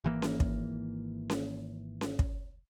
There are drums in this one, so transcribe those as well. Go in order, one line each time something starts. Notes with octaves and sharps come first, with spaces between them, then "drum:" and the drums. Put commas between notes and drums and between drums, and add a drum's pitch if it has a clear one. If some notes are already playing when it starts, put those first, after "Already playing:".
G#1 E3 A#3
drum: snare C#4
drum: kick
drum: snare C#4
drum: snare C#4
drum: kick